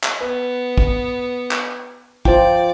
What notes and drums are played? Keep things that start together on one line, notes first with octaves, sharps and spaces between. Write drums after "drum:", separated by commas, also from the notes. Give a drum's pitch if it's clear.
drum: clap
B3 B4
drum: kick
drum: clap
F3 E4 C5 D5 G5, drum: kick